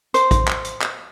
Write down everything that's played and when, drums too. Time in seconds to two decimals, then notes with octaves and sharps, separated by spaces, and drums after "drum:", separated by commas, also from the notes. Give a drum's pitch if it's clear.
0.14 C5, drum: hi-hat
0.31 drum: kick, hi-hat
0.48 drum: clap
0.65 drum: hi-hat
0.81 drum: clap